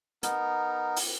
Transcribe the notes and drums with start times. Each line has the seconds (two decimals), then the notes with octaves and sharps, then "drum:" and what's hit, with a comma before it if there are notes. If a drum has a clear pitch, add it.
0.23 B3 D#4 A#4, drum: hi-hat
0.96 drum: open hi-hat